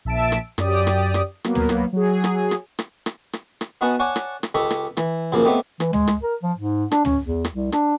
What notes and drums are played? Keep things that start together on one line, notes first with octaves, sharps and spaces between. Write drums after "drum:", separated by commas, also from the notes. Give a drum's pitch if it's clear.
A#1 E5 A5 E6 D7
drum: rim click
F#2 G4 D5 D#6, drum: rim click
drum: rim click
drum: rim click
F#3 A#3 B3, drum: rim click
drum: tom
drum: rim click
F#3 G#4
drum: rim click
drum: rim click
drum: rim click
drum: rim click
drum: rim click
drum: rim click
B3 D#4 F#4 F#5 G#5 A5
C#5 D5 F#5 G#5 A5 C#6
drum: rim click
drum: rim click
C#2 G4 A4 D#5 B5 C#6
drum: rim click
E3, drum: rim click
C#2 F#2 C#3 F3 A#3
A3 B3 C4 D#4 G4
E3, drum: rim click
G#3, drum: tom
drum: rim click
A#4
F3
G#2
D4, drum: rim click
C#4, drum: tom
E2
drum: rim click
C2
D4, drum: rim click